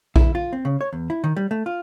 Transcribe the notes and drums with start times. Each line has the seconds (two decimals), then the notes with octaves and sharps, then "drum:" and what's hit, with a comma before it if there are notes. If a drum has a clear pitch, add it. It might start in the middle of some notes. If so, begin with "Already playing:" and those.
0.16 E4, drum: kick A#1
0.35 F4
0.53 C4
0.65 C#3
0.81 C#5
0.93 E2
1.10 E4
1.24 D#3
1.36 G3
1.51 A3
1.66 F4